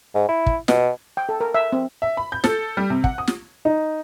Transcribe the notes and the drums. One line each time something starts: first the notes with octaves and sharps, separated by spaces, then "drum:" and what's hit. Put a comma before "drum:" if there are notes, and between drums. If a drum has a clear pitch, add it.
G#2
E4
drum: kick
B2, drum: snare
G5
A4
A#4
E5
C4
E5
B5
G6
A4, drum: snare
G3
C3
F#5, drum: kick
D#6
drum: snare
D#4